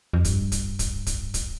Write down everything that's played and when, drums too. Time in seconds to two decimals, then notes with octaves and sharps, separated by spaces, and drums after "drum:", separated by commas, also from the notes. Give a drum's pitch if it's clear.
0.13 F2
0.25 G2, drum: kick, hi-hat
0.52 drum: kick, hi-hat
0.79 drum: kick, hi-hat
1.07 drum: kick, hi-hat
1.34 drum: kick, hi-hat